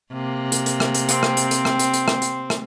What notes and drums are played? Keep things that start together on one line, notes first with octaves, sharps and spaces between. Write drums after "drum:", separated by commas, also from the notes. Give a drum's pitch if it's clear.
C3 A#3
drum: hi-hat
drum: hi-hat
drum: rim click
drum: hi-hat
C4, drum: hi-hat
drum: rim click
drum: hi-hat
drum: hi-hat
drum: rim click
drum: hi-hat
drum: hi-hat
drum: rim click
drum: hi-hat
drum: rim click